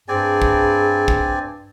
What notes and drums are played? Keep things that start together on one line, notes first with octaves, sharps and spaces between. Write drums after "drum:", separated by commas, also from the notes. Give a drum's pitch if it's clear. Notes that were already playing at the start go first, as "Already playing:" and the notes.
G2 C4 G#4 D5 G#5
drum: kick
drum: kick